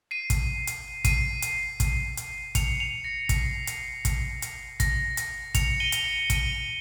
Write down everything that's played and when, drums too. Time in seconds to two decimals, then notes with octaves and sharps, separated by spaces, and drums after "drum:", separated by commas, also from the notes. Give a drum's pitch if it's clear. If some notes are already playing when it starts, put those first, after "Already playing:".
0.11 C7 D#7
0.30 drum: kick, hi-hat
0.67 drum: hi-hat
1.04 C7 D#7, drum: kick, hi-hat
1.42 drum: hi-hat
1.80 drum: kick, hi-hat
2.17 drum: hi-hat
2.55 C#7 F7, drum: kick, hi-hat
2.80 C#7 F7
3.04 A#6 C#7
3.29 C7, drum: kick, hi-hat
3.67 drum: hi-hat
4.05 drum: kick, hi-hat
4.42 drum: hi-hat
4.80 A#6, drum: kick, hi-hat
5.17 drum: hi-hat
5.55 C#7 F7, drum: kick, hi-hat
5.80 D#7 G7
5.92 drum: hi-hat
6.04 C#7 F7
6.30 D#7 G7, drum: kick, hi-hat